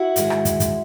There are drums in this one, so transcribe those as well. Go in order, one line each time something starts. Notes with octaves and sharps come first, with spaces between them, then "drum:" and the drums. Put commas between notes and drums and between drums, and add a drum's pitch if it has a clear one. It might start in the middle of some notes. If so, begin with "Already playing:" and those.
Already playing: E4 F#4
G#2 D#3 G#3, drum: hi-hat
drum: rim click
drum: kick, hi-hat
drum: kick, hi-hat